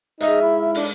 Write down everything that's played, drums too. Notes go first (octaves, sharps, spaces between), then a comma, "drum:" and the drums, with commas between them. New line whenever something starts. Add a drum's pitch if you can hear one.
G#2 D#4 E5 F5, drum: hi-hat
E4
D4, drum: open hi-hat